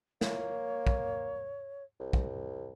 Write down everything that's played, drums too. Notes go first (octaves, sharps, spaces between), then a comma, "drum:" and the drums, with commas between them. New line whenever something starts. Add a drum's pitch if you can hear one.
A#3 C#5, drum: snare
drum: kick
C2
drum: kick